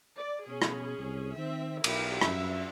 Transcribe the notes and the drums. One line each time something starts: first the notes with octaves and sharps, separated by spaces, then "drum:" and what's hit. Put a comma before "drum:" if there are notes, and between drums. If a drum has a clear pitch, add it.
D5
B2 C#4 G#4
drum: rim click
C2
D#3 C4 E5
B1 E4 G4 A#4, drum: cymbal
F#2 E5, drum: rim click